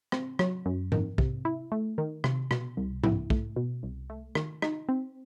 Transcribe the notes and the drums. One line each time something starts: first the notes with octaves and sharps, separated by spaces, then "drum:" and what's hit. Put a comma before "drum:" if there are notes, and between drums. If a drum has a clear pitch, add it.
C4, drum: rim click
F#3, drum: rim click
F#2
D#3, drum: tom G#2
C3, drum: kick
E4
A3
D#3
C3, drum: rim click
B2, drum: rim click
C2
E4, drum: tom G#2
A3, drum: kick
B2
C2
A3
D#3, drum: rim click
D#4, drum: rim click
C4